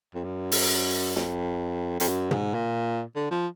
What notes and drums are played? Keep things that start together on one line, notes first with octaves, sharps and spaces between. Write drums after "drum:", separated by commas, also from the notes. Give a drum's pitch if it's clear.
F2
F#2
drum: open hi-hat
F2, drum: snare
F2, drum: hi-hat
F#2
G#2, drum: tom
A#2
D3
F3